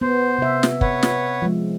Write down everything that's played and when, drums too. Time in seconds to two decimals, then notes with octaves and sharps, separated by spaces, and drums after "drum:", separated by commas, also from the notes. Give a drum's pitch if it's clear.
0.01 B3 C5
0.38 C3 E5
0.63 drum: snare
0.81 B4 C#5 F#5, drum: kick
1.03 drum: snare
1.42 F3 G#3